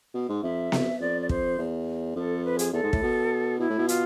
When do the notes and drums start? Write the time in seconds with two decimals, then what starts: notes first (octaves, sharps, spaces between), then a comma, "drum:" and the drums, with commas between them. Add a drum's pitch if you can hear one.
0.14 B2
0.29 G#2
0.43 F2 E5
0.72 F2, drum: snare B3
1.00 F2 D5
1.22 D5
1.29 C5, drum: kick
1.59 E2
2.16 F2 A4
2.45 B4
2.59 G#4, drum: hi-hat
2.73 E2 A4
2.83 G#2
2.93 A2, drum: kick
3.03 B2
3.60 B2 E4
3.70 A2
3.79 B2
3.88 F4, drum: hi-hat